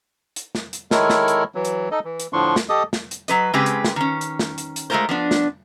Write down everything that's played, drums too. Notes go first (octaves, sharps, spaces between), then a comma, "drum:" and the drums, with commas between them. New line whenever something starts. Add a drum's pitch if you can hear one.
drum: hi-hat
drum: snare
drum: hi-hat
D#3 G#3 E4 A4 A#4 C#5, drum: snare
drum: snare
drum: hi-hat
E3 F#3
drum: hi-hat
D#4 A4 D#5
E3
drum: hi-hat
A2 D3 F3 D4 C6 C#6
drum: snare
G4 A4 D#5 D#6
drum: snare
drum: hi-hat
F#3 B4 D#5, drum: hi-hat
C#3 G#3 C4 G4 B4
drum: hi-hat
drum: snare
D#3 C#4
drum: hi-hat
drum: snare
drum: hi-hat
drum: hi-hat
G#3 A3 C#4 F4 A#4 C5
F3 B3 D4
drum: snare